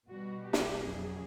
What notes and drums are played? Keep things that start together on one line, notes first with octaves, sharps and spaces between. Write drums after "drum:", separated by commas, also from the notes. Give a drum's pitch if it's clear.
B2 G3 F#4
G4
drum: snare
F2 C#3 F#3 G#4